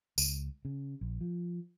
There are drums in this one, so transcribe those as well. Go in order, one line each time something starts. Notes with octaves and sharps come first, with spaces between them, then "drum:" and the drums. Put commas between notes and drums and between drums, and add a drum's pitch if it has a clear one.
C#2, drum: tambourine
C#3
A#1
F3